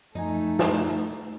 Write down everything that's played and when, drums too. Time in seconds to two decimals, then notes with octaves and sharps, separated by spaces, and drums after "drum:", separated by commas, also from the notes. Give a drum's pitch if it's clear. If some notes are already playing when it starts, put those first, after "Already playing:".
0.15 F#2 F3 A3 D#4 G#5
0.59 drum: snare